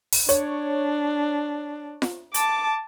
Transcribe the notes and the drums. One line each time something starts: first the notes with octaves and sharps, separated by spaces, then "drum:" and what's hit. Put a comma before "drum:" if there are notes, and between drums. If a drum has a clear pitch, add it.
drum: open hi-hat
D4 C#5, drum: hi-hat
drum: snare F4
A5 D6, drum: hi-hat